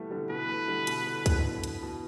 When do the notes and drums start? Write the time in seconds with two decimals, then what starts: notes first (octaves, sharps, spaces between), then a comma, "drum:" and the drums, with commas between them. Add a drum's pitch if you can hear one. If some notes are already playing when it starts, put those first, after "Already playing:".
Already playing: E3 G3 A3 B3
0.11 D3 G3
0.30 B2 E3 B4
0.49 E3 A3
0.68 D3 G3
0.87 B2 E3, drum: hi-hat
1.07 D3
1.26 B2 E3, drum: kick, hi-hat
1.44 D3
1.64 drum: hi-hat
1.83 B2 E3